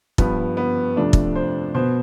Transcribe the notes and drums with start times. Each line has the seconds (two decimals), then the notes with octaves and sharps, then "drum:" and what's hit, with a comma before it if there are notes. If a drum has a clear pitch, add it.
0.18 G2 F3 B3, drum: kick
0.57 B3
0.97 F2 C3 F3 A3 D4
1.13 drum: kick
1.36 C5
1.75 B2 B3 C5